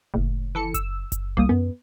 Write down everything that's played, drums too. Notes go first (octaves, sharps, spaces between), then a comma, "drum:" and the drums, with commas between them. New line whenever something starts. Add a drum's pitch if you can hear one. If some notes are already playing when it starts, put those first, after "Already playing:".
F#1 A2
E3 A4 C#7
E6, drum: kick F#1, hi-hat
drum: kick F#1, hi-hat
C2 G3 A#3 D#6
F#2 B3